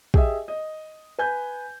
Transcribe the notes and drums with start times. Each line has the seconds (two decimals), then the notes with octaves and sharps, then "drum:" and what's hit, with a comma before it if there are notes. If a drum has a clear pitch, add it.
0.14 G4 G#4 D#5 E5, drum: kick
0.48 D#5
1.19 B4 G#5 G6